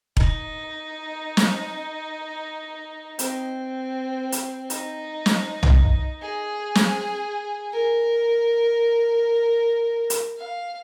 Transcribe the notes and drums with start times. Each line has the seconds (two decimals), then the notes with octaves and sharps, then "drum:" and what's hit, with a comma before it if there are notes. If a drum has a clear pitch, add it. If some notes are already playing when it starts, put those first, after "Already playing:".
0.17 D#4, drum: kick E1
1.37 drum: snare
3.19 C4, drum: hi-hat
4.32 drum: hi-hat
4.70 D#4, drum: hi-hat
5.26 drum: snare
5.63 drum: tom B1
6.22 G#4
6.75 drum: snare
7.72 A#4
10.10 drum: hi-hat
10.37 F5